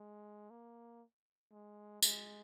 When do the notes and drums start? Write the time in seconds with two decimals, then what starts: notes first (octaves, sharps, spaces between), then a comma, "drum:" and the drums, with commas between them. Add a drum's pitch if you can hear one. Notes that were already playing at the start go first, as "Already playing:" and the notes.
Already playing: G#3
0.50 A#3
1.52 G#3
2.02 G#3, drum: tambourine